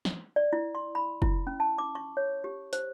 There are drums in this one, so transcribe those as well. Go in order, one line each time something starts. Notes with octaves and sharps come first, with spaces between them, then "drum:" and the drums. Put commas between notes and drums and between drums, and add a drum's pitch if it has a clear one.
drum: snare
D5
E4
C6
B5
E4, drum: kick
C#4
A5
D6
C#6
C#5
G4
C5, drum: hi-hat